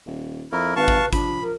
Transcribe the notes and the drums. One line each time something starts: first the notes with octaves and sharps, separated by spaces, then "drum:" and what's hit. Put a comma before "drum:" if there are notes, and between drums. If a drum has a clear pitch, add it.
D#1
F2 E4 A#4
G#1 B4 F5 A5 C#6
drum: kick
F3 D4 B5, drum: kick, hi-hat
A#4